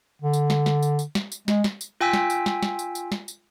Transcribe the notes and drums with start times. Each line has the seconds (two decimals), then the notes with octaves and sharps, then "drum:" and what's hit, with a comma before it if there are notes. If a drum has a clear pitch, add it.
0.22 D3
0.33 drum: tambourine
0.50 drum: snare
0.66 drum: snare
0.83 drum: tambourine
0.99 drum: tambourine
1.15 drum: snare
1.32 drum: tambourine
1.48 G#3, drum: snare
1.64 drum: snare
1.81 drum: tambourine
2.01 F4 G5 G#5 E6 B6
2.13 drum: snare
2.30 drum: tambourine
2.46 drum: snare
2.63 drum: snare
2.79 drum: tambourine
2.95 drum: tambourine
3.12 drum: snare
3.28 drum: tambourine